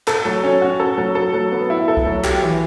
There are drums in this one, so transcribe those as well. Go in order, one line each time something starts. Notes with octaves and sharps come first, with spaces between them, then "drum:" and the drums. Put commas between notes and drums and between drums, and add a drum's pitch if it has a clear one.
A4, drum: clap
F#3
C#4
F#4
A4
F#3
A4
F#3
B3
E4
A4
drum: kick B1
F#3
G4, drum: clap
E3